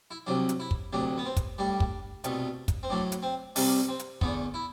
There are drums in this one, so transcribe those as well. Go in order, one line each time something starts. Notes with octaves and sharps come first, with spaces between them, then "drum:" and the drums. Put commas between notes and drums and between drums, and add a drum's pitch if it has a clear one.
E4
C2 C3 F#3 D4
drum: hi-hat
E4
drum: kick
D2 C3 F#3 D4
B3
C4
drum: kick, hi-hat
A2 G3 D4
drum: kick
C2 B2 A3, drum: hi-hat
drum: kick, hi-hat
C4
A2 F#3 A3 D4
drum: hi-hat
C4
C2 C3 G3 D4, drum: open hi-hat
C4
drum: hi-hat
E2 D3 A3 B3, drum: kick
E4